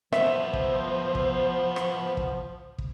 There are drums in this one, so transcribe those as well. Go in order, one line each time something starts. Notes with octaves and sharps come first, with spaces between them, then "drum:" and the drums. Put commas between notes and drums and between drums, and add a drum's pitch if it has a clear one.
F3 B3 A4 C5 E5, drum: rim click
drum: kick
drum: kick
drum: rim click
drum: kick
drum: kick